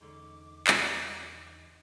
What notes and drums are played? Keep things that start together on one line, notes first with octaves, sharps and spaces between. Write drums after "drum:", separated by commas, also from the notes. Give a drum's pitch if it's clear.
E2 G#2 D3 C#4 D#4 D6
drum: clap